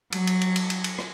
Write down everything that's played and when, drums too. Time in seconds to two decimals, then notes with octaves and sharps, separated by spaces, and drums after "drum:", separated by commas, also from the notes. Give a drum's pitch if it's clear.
0.12 F#3, drum: cymbal
0.27 drum: cymbal
0.41 drum: cymbal
0.56 drum: cymbal
0.70 drum: cymbal
0.84 drum: cymbal
0.98 drum: rim click